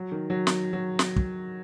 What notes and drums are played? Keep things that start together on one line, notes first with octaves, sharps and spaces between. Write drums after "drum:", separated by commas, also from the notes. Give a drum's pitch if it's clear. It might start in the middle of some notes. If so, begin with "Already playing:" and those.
Already playing: F#3
D#3
F#3
drum: snare
F#3
drum: snare
drum: kick